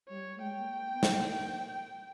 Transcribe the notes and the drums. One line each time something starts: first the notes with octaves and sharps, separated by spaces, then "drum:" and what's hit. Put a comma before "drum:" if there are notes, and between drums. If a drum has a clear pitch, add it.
G3 C#5
A3
G#3 G5
A#3
A#3
B3
B3, drum: snare
A#3